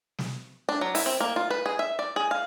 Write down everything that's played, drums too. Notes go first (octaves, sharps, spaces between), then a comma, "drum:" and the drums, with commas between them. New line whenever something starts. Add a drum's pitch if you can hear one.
drum: snare
D4
F#3
E4, drum: open hi-hat
C4
A#3
F4
B4
G#4
E5
D5
G#4
F5